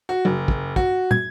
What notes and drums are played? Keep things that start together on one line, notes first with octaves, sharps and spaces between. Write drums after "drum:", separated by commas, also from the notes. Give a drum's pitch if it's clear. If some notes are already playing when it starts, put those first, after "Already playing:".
F#4
F#1, drum: tom
drum: kick
F#4, drum: kick
G#6, drum: tom